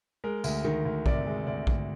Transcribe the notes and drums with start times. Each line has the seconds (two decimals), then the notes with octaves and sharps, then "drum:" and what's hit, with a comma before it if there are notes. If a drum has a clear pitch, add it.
0.24 G#3 A#4
0.44 D2, drum: tambourine
0.65 D#3
0.85 D2
1.06 C3 D5, drum: kick A#1
1.27 G#3
1.47 D2 D5
1.67 D2, drum: kick A#1